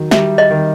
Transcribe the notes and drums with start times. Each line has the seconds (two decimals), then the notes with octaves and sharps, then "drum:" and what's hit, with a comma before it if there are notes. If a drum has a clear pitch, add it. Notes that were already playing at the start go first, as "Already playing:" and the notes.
Already playing: D#3 F#3
0.11 G3 E5, drum: snare
0.38 D#5
0.50 D#3